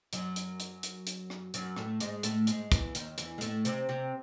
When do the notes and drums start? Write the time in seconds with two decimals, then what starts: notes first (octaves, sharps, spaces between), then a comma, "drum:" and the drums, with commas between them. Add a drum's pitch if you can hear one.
0.13 F#2 F#3, drum: hi-hat
0.36 drum: hi-hat
0.60 drum: hi-hat
0.83 drum: hi-hat
1.07 drum: hi-hat
1.30 drum: rim click
1.54 F#2 F#3, drum: hi-hat
1.76 A2 A3, drum: rim click
2.00 G#2 G#3, drum: hi-hat
2.23 A2 A3, drum: hi-hat
2.47 G#2 G#3, drum: hi-hat
2.72 E2 E3, drum: kick, hi-hat
2.95 D#2 D#3, drum: hi-hat
3.18 E2 E3, drum: hi-hat
3.38 G#3
3.41 A2 A3, drum: hi-hat
3.65 C3 C4, drum: hi-hat
3.89 C3 C4